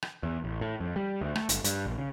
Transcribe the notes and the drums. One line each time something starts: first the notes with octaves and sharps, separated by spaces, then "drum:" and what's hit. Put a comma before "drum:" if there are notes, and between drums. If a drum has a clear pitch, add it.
drum: rim click
E2
A1
A2
F2
G3
D2
A3, drum: rim click
G1, drum: hi-hat
G2, drum: hi-hat
A#1
C#3